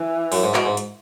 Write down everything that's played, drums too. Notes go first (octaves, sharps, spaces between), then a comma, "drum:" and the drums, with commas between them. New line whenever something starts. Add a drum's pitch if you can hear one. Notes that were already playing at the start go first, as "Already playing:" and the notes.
Already playing: E3
F#2, drum: open hi-hat
G#2
B2, drum: clap
G#2
drum: hi-hat